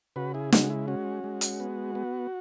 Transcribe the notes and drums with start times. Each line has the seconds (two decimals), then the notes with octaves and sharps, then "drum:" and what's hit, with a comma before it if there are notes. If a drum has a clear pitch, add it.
0.16 C#3 F#4 B4
0.34 E4 G#4
0.52 G#3 F#4, drum: snare
0.70 E4
0.88 C#4 F#4
1.24 G#3
1.41 drum: hi-hat
1.60 B3
1.95 B3